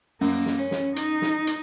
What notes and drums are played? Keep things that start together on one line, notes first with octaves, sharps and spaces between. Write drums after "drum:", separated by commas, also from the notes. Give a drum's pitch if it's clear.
F#2 A#3, drum: open hi-hat
drum: snare
C#4
drum: snare
D#4, drum: hi-hat
drum: snare
drum: hi-hat